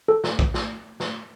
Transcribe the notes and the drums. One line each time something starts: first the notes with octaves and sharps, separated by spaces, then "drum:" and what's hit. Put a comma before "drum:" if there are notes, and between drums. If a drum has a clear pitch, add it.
A4
drum: snare
drum: kick A#1
drum: snare
drum: snare